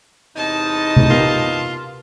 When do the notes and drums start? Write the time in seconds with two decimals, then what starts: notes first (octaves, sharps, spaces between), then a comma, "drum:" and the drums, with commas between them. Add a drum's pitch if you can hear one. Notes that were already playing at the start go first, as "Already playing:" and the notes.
0.36 E2 C3 D#4 A5
0.97 drum: tom C3
1.10 B3 F4 G4 A#4